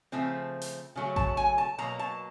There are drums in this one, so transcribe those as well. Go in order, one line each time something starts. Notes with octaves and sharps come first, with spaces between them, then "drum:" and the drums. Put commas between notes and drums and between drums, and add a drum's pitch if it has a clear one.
C#3 F3 A3 C4
drum: hi-hat
C#3 F#3 A3
A5, drum: kick A1
G#5
A5
B2 F#3 A#3 A#5
A5